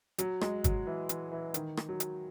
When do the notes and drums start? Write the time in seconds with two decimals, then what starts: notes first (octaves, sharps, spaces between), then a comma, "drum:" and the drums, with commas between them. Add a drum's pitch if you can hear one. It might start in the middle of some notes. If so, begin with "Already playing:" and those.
0.18 F#3, drum: hi-hat
0.41 G#3, drum: rim click
0.64 F#3, drum: kick, hi-hat
0.87 E3
1.09 E3, drum: hi-hat
1.32 E3
1.54 D#3, drum: hi-hat
1.77 drum: rim click
1.89 F#3
2.00 drum: hi-hat